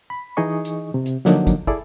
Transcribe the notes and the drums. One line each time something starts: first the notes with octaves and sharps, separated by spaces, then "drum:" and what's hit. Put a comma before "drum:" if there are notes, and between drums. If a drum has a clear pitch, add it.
B5
E3 D#4 G#4 D#5 C#6
drum: hi-hat
C3
drum: hi-hat
D3 F3 F#3 A#3 D4 D#4, drum: snare
drum: kick, hi-hat
E4 G#4 A4 D5, drum: kick